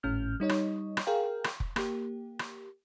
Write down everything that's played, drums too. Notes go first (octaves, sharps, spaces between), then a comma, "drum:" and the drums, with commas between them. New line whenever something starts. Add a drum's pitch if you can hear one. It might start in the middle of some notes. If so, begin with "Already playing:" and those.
G#1 A2 C#4 F6 G6
G3 D#4 C#5 D#5
drum: rim click
drum: rim click
G#4 A#4 F5 G5
drum: rim click
drum: kick F1
A#3 G4, drum: rim click
drum: rim click